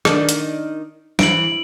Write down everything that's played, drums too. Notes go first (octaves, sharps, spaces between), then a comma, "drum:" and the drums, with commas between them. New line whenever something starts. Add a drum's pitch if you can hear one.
D#3 D4, drum: rim click
drum: hi-hat
E3 D7 F#7, drum: snare